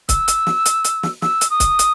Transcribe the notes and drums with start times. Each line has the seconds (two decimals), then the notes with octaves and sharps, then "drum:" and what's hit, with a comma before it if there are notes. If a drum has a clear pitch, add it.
0.09 E6, drum: kick, hi-hat
0.28 drum: hi-hat
0.47 drum: snare
0.65 drum: hi-hat
0.84 drum: hi-hat
1.03 drum: snare
1.22 E6, drum: snare
1.41 drum: hi-hat
1.50 D#6
1.60 drum: kick, hi-hat
1.79 drum: hi-hat